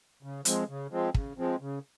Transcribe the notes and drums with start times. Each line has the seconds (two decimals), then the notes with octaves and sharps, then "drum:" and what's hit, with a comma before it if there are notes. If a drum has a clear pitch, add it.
0.23 C#3
0.45 F3 G#3 C4, drum: hi-hat
0.69 C#3
0.91 F3 G#3 C4
1.14 C#3, drum: kick
1.38 F3 G#3 C4
1.61 C#3